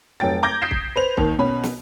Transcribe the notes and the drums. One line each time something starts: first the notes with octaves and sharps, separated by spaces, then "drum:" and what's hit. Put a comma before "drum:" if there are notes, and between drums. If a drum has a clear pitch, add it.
F1 F#3 G5 A6
A#5 D6 G6 G#6 A#6
D#6 G6 B6 C7 D7 E7
drum: kick
B4 C5 F7
D#2 D#3, drum: kick
B2 C#4 B5
drum: snare